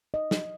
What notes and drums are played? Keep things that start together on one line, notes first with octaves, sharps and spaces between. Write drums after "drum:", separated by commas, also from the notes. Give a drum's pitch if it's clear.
D#5
drum: snare